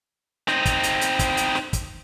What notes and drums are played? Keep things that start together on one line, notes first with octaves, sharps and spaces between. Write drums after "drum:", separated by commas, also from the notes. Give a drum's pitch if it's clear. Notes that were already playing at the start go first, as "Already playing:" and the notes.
C4 D#4, drum: snare
drum: kick, hi-hat
drum: hi-hat
drum: hi-hat
drum: kick, hi-hat
drum: hi-hat
drum: snare
drum: kick, hi-hat